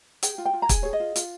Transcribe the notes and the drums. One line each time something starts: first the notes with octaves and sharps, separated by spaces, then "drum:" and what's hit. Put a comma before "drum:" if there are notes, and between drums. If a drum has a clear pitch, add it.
G#4 G5, drum: hi-hat
F4
G5
F4
A#5
G#4 G#5, drum: kick, hi-hat
G#4 C#5
D#5
F4
F4, drum: hi-hat